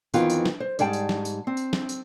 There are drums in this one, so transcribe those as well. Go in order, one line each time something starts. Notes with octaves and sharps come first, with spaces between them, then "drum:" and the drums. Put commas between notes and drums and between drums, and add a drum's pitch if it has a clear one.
F2 D#3 E3 B3 F4 G5, drum: tambourine
drum: tambourine
drum: snare
C5
G#2 G3 G#4 G5 A5, drum: tambourine
drum: tambourine
drum: snare
drum: tambourine
C4
drum: tambourine
drum: snare
drum: tambourine